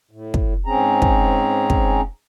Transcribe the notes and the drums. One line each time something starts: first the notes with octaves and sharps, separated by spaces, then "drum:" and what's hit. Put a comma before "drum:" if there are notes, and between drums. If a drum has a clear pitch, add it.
A2
drum: kick
G#2 C4 C#4 G#4 A#5
drum: kick
drum: kick